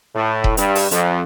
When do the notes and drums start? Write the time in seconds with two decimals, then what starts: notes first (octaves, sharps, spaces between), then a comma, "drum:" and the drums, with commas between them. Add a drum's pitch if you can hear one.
0.15 A2
0.44 drum: kick E1
0.57 G2, drum: hi-hat
0.76 drum: open hi-hat
0.91 F2, drum: hi-hat